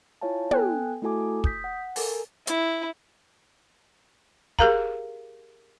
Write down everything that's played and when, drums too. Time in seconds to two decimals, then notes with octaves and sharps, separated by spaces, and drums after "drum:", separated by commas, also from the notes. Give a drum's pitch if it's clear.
0.21 E4 F4 C#5 F5 G#5 A5
0.51 B3 A4 G5 G#5 F#6, drum: tom
1.02 A3 E4 F#4 A4 G#5 D6
1.44 D#6 G6 B6, drum: kick
1.64 F#5
1.96 A4 A#4 G#5, drum: open hi-hat
2.47 E4, drum: hi-hat
4.59 G4 G#4 A#4 F5 A#5, drum: kick